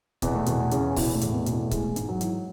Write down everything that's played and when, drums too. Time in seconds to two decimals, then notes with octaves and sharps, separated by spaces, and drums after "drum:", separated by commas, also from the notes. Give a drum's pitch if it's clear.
0.22 E2 B2 B3, drum: kick C#1, hi-hat
0.35 A3
0.46 E2 B2 B3, drum: hi-hat
0.71 E2 C#3 C#4, drum: hi-hat
0.96 B2 E3 E4, drum: kick C#1, open hi-hat
1.15 A2 A3
1.21 E2, drum: hi-hat
1.34 B2 B3
1.46 B2, drum: hi-hat
1.52 A2 A3
1.71 E3 G#3, drum: kick C#1, hi-hat
1.96 G#2, drum: hi-hat
2.09 F#3
2.21 E3, drum: hi-hat